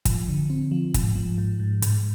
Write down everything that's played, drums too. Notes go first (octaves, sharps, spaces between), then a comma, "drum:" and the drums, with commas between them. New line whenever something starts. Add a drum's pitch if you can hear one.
F3, drum: kick, hi-hat
D3
C4
F3
G#2, drum: kick, hi-hat
F3
G#2
G#2
G#2, drum: hi-hat